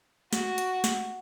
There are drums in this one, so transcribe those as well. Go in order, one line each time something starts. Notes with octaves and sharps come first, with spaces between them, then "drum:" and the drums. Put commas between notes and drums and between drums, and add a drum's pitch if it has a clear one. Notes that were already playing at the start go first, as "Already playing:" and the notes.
F#4, drum: snare
drum: hi-hat
drum: snare